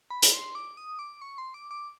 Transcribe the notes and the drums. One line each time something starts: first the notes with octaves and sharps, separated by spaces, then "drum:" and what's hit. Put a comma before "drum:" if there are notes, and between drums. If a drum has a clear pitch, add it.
B5
drum: hi-hat
C6
D6
D#6
D6
C#6
C6
D6
D6